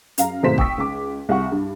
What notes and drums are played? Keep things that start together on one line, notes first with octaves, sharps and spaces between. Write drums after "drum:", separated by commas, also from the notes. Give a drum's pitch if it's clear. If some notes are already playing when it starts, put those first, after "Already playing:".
F#2 F5 A#5, drum: hi-hat
G#1 B2 A3 C5 B6 E7
G5 C#6 D#6 E6 B6, drum: kick
C#2 D6
C2 F5 F#5 C#6
G2